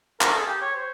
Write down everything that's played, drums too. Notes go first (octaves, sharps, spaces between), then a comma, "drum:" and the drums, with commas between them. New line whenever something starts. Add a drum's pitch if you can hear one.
A#4, drum: clap
A4
G#4
G4
C#5
C5